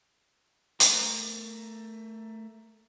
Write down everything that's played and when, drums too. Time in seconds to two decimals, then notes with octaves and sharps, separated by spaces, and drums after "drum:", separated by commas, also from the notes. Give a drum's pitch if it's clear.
0.80 A3 A#4, drum: hi-hat